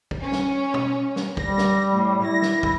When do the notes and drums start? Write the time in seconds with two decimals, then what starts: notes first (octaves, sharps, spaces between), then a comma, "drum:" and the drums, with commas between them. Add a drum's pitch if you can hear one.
0.11 drum: kick
0.22 C#4
0.32 drum: snare
0.74 drum: tom B2
1.16 drum: snare
1.37 G3 A#6, drum: kick
1.58 drum: snare
1.93 A2
2.24 E4 A#6
2.42 drum: snare
2.63 drum: kick